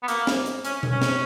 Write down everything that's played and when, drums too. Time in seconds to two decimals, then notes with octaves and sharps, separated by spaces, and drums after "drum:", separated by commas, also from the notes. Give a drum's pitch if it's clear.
0.03 B3
0.08 A#3, drum: hi-hat
0.27 drum: snare
0.46 drum: hi-hat
0.65 C#4, drum: hi-hat
0.83 drum: tom B2
0.92 C#4
1.02 drum: snare